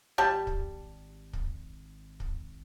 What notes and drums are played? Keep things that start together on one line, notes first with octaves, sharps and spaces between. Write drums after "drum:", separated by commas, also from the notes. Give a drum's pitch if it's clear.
G#1 G3 G4 A5
drum: kick
drum: kick
drum: kick